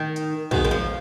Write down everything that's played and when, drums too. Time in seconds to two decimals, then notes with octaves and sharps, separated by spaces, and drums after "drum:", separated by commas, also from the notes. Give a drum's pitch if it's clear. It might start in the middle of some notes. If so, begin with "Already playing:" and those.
Already playing: D#3
0.16 drum: hi-hat
0.51 B2 D#3 G#3 B3, drum: kick
0.65 D#3
0.71 F3